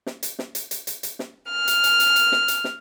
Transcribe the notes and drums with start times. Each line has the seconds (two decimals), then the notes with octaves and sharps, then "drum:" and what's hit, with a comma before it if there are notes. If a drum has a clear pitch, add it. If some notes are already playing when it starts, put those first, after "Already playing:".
0.06 drum: snare
0.23 drum: hi-hat
0.39 drum: snare
0.55 drum: hi-hat
0.71 drum: hi-hat
0.87 drum: hi-hat
1.03 drum: hi-hat
1.19 drum: snare
1.51 F6
1.68 drum: hi-hat
1.84 drum: hi-hat
2.00 drum: hi-hat
2.16 drum: hi-hat
2.32 drum: snare
2.48 drum: hi-hat
2.64 drum: snare